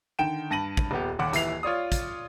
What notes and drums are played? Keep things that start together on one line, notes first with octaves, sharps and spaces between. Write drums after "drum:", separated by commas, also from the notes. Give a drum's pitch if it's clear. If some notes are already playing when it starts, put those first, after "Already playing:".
D3 D#3 G5 D7 E7
G2 A5 A#6 D#7 F#7
drum: kick
D#1 B3 G4
D#1 D#2 F#5 D6
D#1 E3 E4 C7 F7, drum: hi-hat
F4 C#5 D5 D#6
drum: kick, hi-hat